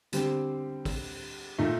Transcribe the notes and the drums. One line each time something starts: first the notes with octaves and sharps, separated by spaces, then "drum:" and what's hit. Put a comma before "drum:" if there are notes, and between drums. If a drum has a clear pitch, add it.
D3 G3 C4 G4, drum: hi-hat
drum: kick, open hi-hat
A#2 A3 D#4